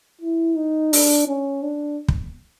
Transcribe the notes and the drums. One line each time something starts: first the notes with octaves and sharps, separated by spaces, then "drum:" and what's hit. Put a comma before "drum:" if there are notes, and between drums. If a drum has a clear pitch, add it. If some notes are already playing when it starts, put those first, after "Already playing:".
E4
D#4
D4, drum: open hi-hat
C#4
D4
drum: kick